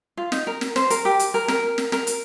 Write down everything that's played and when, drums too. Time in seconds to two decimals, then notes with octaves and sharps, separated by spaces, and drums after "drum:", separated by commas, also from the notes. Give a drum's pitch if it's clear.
0.17 F4
0.32 D#4, drum: snare
0.47 A#4
0.61 drum: snare
0.76 C5, drum: snare
0.90 A#4, drum: hi-hat
1.05 G4
1.19 drum: hi-hat
1.34 A#4
1.48 A#4, drum: snare
1.78 drum: snare
1.92 A#4, drum: snare
2.07 drum: hi-hat